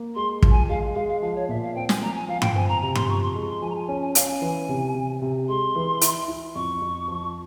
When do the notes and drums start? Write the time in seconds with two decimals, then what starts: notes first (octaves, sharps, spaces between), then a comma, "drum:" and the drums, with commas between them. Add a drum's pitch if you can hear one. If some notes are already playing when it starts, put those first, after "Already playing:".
Already playing: A#3
0.15 G#3 C6
0.42 F3, drum: kick
0.51 G#5
0.69 G#3 F5
0.95 G#3 F5
1.08 F5
1.22 F3 F5
1.35 C#5
1.49 A#2 E5
1.62 F5
1.75 C4 G5
1.89 G#5, drum: snare
2.02 F3 A#5
2.15 G#5
2.28 F3 F5
2.42 G5, drum: tom G2
2.56 C4 G#5
2.69 A#5
2.82 C3 A#5
2.95 C6, drum: tom G2
3.09 F3 C#6
3.22 C6
3.36 G#3
3.48 C6
3.62 F3 G#5
3.70 A#5
3.75 G#5
3.88 C#4 G#5
4.02 G#5
4.15 C#4 F5, drum: hi-hat
4.28 G#5
4.42 E3
4.69 C3
4.95 C3
5.22 C3
5.49 G#3 C6
5.76 E3
6.01 E4, drum: hi-hat
6.28 E4
6.55 F2 C#6
6.82 F2
7.08 F3